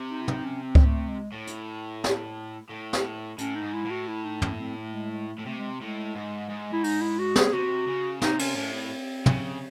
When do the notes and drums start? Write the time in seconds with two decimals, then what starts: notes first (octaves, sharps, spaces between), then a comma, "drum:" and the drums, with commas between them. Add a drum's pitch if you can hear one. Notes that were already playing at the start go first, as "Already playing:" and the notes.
Already playing: C3
0.10 D#4
0.21 E4
0.28 D#4, drum: tom
0.45 C#4
0.62 C4
0.75 drum: kick C#2
0.85 A3
1.08 G#3
1.32 A2
1.47 drum: hi-hat
2.04 drum: snare
2.70 A2
2.93 drum: snare
3.38 A2 C#4, drum: hi-hat
3.56 D#4
3.61 G#2
3.73 E4
3.85 A2
3.90 F#4
4.08 E4
4.25 D#4
4.42 C#4, drum: tom
4.54 A3
4.59 C4
4.77 A3
4.94 G#3
5.11 G#3
5.28 A3
5.39 A2
5.46 C3 A3
5.58 G#3
5.81 A2 G#3
6.15 G#2
6.50 G#2
6.73 E4
6.84 D#4, drum: open hi-hat
7.01 E4
7.19 F#4
7.36 G#4, drum: snare
7.53 C3 F#4
7.87 C#3
8.22 C3 D#4, drum: snare
8.39 C#4, drum: cymbal
8.56 A2 C#4
8.73 C4
9.26 C#3, drum: tom